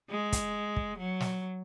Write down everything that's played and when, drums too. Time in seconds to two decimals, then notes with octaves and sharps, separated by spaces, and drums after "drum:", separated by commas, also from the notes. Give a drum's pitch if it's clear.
0.10 G#3
0.32 drum: kick, hi-hat
0.76 drum: kick
0.98 F#3
1.20 drum: snare